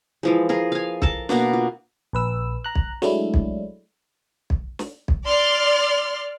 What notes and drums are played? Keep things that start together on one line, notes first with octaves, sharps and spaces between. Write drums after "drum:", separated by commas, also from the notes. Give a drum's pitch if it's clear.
E3 F3 G#3
F4 G#4 A#4
F5 G#5
A4 A#4 A5, drum: kick B1
B2 A#3 B3 D4, drum: snare
F4
A#1 B4 E6
A#5 F#6
drum: kick B1
F#3 G#3 A3 D4 E4, drum: snare
drum: kick B1
drum: kick B1
drum: snare
drum: kick B1
D5 C6 F6